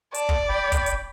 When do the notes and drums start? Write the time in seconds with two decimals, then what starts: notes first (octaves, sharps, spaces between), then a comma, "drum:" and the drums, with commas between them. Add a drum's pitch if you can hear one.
0.14 D5 A5, drum: hi-hat
0.29 drum: kick
0.49 G5 B5
0.72 drum: kick, hi-hat
0.86 drum: hi-hat